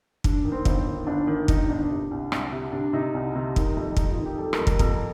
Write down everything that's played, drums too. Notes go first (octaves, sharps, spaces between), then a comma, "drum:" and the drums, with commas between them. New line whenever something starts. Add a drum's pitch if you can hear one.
G2 D4, drum: kick
D#3
C4
G1, drum: kick
D#3
G1 D4
D#3
G2 D#4, drum: kick
D#4
G1 D4
C3
C2
C2, drum: rim click
C3
C3 D4
C3 D#4
C2
C3
D#3, drum: kick
F2
G3 D#4, drum: kick
F4
D#3
G4
G3 A4
A#4, drum: rim click
F2
A#4, drum: kick
F2 A#4, drum: kick